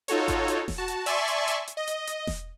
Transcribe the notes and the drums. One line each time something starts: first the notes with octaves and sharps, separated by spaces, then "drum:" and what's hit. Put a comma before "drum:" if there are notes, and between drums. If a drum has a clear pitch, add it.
D#4 F4 F#4 A4 C#5, drum: hi-hat
drum: kick G#1, hi-hat
drum: hi-hat
drum: snare E1
F#4 A5
drum: hi-hat
D5 E5 G#5 A5 C6 C#6, drum: hi-hat
drum: hi-hat
drum: hi-hat
drum: hi-hat
D#5
drum: hi-hat
drum: hi-hat
drum: snare E1